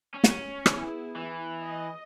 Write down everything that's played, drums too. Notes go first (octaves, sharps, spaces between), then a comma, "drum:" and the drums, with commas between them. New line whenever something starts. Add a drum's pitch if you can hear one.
C#4
drum: snare
B3 E4 G#4, drum: rim click
E3
D#5